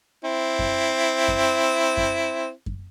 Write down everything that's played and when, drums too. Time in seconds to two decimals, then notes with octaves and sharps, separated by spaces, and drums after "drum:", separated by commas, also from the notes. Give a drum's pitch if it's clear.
0.24 C4 E4
0.59 drum: kick F#2
1.28 drum: kick F#2
1.97 drum: kick F#2
2.66 drum: kick F#2